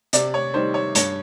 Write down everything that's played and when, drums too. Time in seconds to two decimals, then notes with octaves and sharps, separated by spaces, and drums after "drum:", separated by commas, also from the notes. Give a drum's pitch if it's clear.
0.13 C3 D5, drum: hi-hat
0.34 C#5
0.54 D#3 G3 C5
0.74 C#5
0.95 G2 C#5, drum: hi-hat